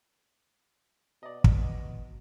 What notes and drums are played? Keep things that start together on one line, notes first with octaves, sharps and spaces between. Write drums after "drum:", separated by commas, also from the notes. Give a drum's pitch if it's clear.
B2 D5 D#5
drum: kick